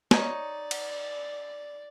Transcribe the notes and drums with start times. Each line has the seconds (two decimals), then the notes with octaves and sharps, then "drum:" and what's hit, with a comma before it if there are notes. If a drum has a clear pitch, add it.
0.11 D#4 C#5 D5, drum: snare
0.71 drum: cymbal